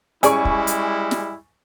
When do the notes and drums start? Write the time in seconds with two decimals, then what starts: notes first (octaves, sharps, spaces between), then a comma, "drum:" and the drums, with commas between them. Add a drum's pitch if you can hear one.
0.23 G3 G#3 C#4 E4 G#4 D5 G#5 C#6, drum: hi-hat
0.45 drum: kick
0.67 drum: hi-hat
1.11 drum: snare